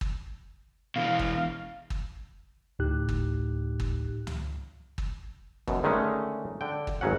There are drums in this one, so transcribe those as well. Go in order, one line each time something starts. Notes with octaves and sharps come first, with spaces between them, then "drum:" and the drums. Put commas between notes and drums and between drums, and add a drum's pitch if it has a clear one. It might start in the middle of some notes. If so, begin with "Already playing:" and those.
drum: kick
B2 E3 F5
drum: kick
drum: kick
D2 A2 D#4 G4 F#6
drum: kick
drum: kick
drum: tom
drum: kick
F#2 B2, drum: kick
D3 D#3 G#3 A3 C#4
D3 G5
drum: kick
G#1 C#3 F#3 C#4 F#5